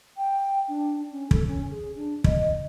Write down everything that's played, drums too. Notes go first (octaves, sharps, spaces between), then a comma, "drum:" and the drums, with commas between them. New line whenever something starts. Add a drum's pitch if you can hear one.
G5
D4
C#4
A4, drum: kick
C#4
G#4
D4
D#5, drum: kick